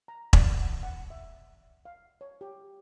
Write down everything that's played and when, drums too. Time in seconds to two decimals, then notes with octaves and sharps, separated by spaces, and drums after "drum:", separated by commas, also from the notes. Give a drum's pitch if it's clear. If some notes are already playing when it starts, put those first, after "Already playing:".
0.08 A#5
0.33 D5, drum: kick E1
0.61 F#5
0.83 F#5
1.10 E5
1.85 F5
2.21 C#5
2.41 G4